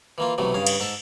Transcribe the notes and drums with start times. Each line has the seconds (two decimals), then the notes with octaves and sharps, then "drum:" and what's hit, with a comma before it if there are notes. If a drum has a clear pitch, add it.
0.18 E3 A#3 F4
0.38 B1 C3 E3 F#3 A3
0.54 G2 C#3 G#4 F5
0.66 drum: cymbal
0.80 G#2 A4 A5